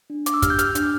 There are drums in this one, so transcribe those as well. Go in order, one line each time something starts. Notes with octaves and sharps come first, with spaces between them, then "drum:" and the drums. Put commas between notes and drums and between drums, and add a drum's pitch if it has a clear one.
D4
D4 D6, drum: hi-hat
E6
G4 F6, drum: kick, hi-hat
G6
G4 F6, drum: hi-hat
D4, drum: hi-hat